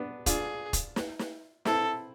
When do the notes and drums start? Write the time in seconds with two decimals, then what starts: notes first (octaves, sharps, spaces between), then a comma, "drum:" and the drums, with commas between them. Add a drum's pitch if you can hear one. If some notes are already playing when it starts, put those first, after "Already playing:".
Already playing: B3 D4
0.26 D4 F4 G#4, drum: kick, hi-hat
0.73 drum: kick, hi-hat
0.96 drum: snare
1.19 drum: snare
1.65 C4 E4 A4, drum: snare